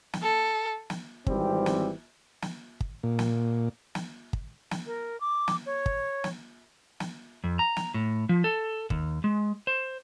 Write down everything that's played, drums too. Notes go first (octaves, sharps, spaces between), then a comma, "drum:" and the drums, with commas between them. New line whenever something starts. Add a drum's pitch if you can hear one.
drum: snare
A4
drum: snare
G#1 E3 G3 C4, drum: kick
drum: snare
drum: snare
drum: kick
A#2
drum: snare
drum: snare
drum: kick
drum: snare
A#4
D6
drum: snare
C#5
drum: kick
drum: snare
drum: snare
F2
A#5
drum: snare
A2
F3
A4
D#2, drum: kick
G#3
C5